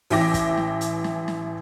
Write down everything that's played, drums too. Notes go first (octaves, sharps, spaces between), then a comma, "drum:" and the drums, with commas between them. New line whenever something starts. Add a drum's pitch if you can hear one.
A1 E3 E5 G5 D6 A#6, drum: open hi-hat
drum: kick, hi-hat
drum: snare
drum: hi-hat
drum: snare
drum: snare